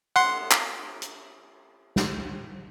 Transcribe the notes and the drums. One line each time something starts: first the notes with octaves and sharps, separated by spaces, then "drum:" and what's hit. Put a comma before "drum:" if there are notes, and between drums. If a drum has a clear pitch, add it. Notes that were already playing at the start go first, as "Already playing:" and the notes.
F#5 C6, drum: cymbal
drum: clap
drum: hi-hat
drum: snare